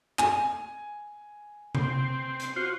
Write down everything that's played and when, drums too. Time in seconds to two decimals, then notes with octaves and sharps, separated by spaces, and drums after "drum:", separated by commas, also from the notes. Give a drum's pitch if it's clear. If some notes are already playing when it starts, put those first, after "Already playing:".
0.19 G#5, drum: clap
1.75 C4, drum: tom C3
2.40 drum: hi-hat
2.56 F4 F#4 C5